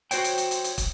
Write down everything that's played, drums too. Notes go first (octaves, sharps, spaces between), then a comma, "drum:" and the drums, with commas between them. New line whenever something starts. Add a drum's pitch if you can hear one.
F#4 C5 C#5 G5, drum: hi-hat
drum: hi-hat
drum: hi-hat
drum: hi-hat
drum: hi-hat
drum: kick, hi-hat